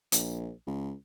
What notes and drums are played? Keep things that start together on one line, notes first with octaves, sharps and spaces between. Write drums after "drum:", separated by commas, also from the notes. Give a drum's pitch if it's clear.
A#1, drum: hi-hat
C#2